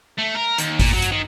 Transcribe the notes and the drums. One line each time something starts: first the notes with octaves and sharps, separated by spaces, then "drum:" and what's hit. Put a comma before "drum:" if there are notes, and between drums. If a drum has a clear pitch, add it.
A3
A#4
D#2, drum: hi-hat
A#2, drum: kick G#1, open hi-hat
F#3
drum: hi-hat
D#3